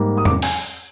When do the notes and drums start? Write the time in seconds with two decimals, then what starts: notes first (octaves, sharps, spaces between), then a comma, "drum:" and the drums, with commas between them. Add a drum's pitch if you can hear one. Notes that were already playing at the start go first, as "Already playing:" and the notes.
Already playing: G#2 G3 A#3
0.17 D#6
0.25 D6, drum: tom E2
0.42 G#5, drum: open hi-hat